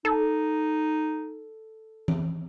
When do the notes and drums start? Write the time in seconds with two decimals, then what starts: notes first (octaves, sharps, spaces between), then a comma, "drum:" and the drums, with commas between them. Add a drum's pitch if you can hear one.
0.05 D#4 A4
2.08 drum: tom E3